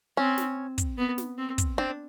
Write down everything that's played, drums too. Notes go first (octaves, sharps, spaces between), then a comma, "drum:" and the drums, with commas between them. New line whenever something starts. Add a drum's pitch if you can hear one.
C4 C#4
drum: snare
drum: kick, hi-hat
B3
drum: snare
C4
drum: kick, hi-hat
C4 D4